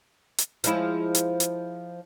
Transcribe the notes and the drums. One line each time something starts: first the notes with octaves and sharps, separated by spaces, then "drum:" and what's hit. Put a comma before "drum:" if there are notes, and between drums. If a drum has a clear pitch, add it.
drum: hi-hat
F3 G#3 E4, drum: hi-hat
drum: hi-hat
drum: hi-hat